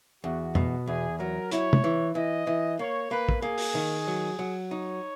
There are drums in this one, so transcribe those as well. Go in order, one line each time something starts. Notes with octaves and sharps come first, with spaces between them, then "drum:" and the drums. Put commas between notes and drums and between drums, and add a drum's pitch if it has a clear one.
E2 F#4
B2, drum: tom
E2 G#4
F#3 A#4
E4 C#5, drum: hi-hat
drum: tom
E3
E3 D#5
E3
A#3 C#5
A#3 B4
drum: kick
A#3 G#4
drum: open hi-hat
D#3
F#3
F#3
D#4 C#5